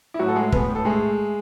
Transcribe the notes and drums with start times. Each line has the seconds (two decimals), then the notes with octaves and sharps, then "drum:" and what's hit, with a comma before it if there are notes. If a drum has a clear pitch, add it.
0.14 E4
0.19 A2 F#3 F#4
0.28 A4
0.36 G#3 G#4
0.52 A2 B3 B4, drum: kick
0.69 A2
0.75 A4
0.85 G#3 A3 G#4